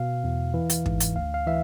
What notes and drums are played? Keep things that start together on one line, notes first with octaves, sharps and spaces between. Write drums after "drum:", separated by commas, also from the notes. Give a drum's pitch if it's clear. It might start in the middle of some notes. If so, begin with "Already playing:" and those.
Already playing: B2 F5
E2
E3
drum: hi-hat
G#2, drum: kick
drum: hi-hat
D2 F5
F5
E3 E5